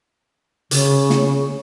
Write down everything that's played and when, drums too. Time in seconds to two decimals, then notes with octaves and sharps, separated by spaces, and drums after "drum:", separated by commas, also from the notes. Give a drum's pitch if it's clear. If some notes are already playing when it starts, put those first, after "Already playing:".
0.71 C#3, drum: hi-hat
1.10 drum: snare